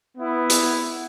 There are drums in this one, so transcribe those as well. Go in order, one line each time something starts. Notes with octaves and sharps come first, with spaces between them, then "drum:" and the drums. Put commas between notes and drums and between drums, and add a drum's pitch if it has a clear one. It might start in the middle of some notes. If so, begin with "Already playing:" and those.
B3 E4
drum: hi-hat